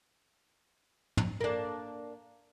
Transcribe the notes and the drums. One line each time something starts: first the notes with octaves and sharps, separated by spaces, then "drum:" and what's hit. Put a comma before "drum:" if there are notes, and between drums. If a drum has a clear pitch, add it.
drum: tom
A#3 D4